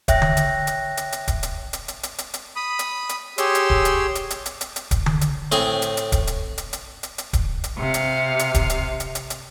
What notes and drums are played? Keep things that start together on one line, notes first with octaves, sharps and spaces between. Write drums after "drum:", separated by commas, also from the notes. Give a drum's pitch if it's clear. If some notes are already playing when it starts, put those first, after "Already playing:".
C#5 E5 G5 F#6 A#6, drum: kick D1, hi-hat
drum: tom D3
drum: hi-hat
drum: hi-hat
drum: hi-hat
drum: hi-hat
drum: kick D1, hi-hat
drum: hi-hat
drum: hi-hat
drum: hi-hat
drum: hi-hat
drum: hi-hat
drum: hi-hat
B5 D#6
drum: hi-hat
drum: hi-hat
G4 G#4 C#5 C6 E6, drum: hi-hat
drum: hi-hat
drum: kick D1
drum: hi-hat
drum: hi-hat
drum: hi-hat
drum: hi-hat
drum: hi-hat
drum: hi-hat
drum: kick D1, hi-hat
drum: tom D3
drum: hi-hat
A2 C4 G#4, drum: hi-hat
drum: hi-hat
drum: hi-hat
drum: kick D1, hi-hat
drum: hi-hat
drum: hi-hat
drum: hi-hat
drum: hi-hat
drum: hi-hat
drum: kick D1, hi-hat
drum: hi-hat
C3 F5
drum: hi-hat
drum: hi-hat
drum: kick D1, hi-hat
drum: hi-hat
drum: hi-hat
drum: hi-hat
drum: hi-hat